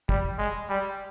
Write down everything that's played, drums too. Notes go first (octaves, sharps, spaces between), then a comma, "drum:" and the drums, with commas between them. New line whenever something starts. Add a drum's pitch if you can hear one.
G3, drum: kick
G#3
G3